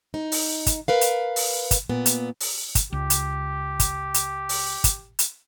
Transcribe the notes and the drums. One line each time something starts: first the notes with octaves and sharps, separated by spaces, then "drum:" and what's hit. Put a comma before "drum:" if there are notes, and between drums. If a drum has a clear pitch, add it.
D#4
drum: open hi-hat
drum: kick, hi-hat
A#4 B4 F5
drum: hi-hat
drum: open hi-hat
drum: kick, hi-hat
A#2 B3
drum: hi-hat
drum: open hi-hat
drum: kick, hi-hat
C#2 G4
drum: hi-hat
drum: kick, hi-hat
drum: hi-hat
drum: open hi-hat
drum: kick, hi-hat
drum: hi-hat